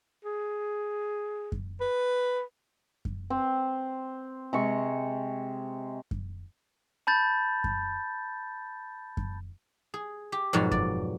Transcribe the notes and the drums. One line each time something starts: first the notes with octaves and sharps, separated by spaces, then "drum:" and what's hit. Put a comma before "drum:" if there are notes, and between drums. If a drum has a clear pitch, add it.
G#4
drum: kick F#2
B4
drum: kick F#2
C4
C3 G#3 C#6
drum: kick F#2
A5 B5 G6 A6
drum: kick F#2
drum: kick F#2
G#4
G4
F2 G#2 B2 F#3
D5, drum: kick F#2